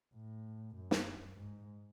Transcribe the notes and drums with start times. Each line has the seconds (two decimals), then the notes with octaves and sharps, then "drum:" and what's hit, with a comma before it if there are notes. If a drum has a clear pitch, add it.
0.15 A2
0.76 F#2
0.91 drum: snare
1.38 G#2